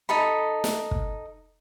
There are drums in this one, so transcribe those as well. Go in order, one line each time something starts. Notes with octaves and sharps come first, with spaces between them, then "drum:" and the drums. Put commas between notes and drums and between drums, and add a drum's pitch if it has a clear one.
D#4 A4 B5
drum: snare
drum: kick